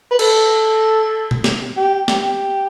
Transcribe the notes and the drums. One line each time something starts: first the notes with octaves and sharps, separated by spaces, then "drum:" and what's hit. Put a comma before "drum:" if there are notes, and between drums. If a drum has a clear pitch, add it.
B4
A4, drum: cymbal
drum: tom B2
drum: snare
G4
G4, drum: snare